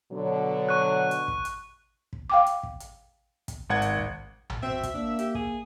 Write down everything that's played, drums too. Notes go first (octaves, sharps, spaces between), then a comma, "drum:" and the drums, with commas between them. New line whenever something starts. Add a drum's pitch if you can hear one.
B2 D3 F#3
C#6 F#6
drum: hi-hat
drum: kick
drum: hi-hat
drum: kick
F5 G5 D6
drum: hi-hat
drum: kick
drum: hi-hat
drum: kick, hi-hat
G#1 F#5 G#6
drum: hi-hat
drum: kick
drum: tom A#1
C4 F#4 E5
drum: kick, hi-hat
A#3 D4
G4, drum: hi-hat
G#4, drum: kick